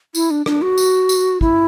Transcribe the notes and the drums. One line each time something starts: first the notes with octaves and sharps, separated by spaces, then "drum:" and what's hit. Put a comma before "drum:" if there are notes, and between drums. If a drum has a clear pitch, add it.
E4, drum: tambourine
D4
D4, drum: rim click
F#4
drum: tambourine
drum: tambourine
E4, drum: kick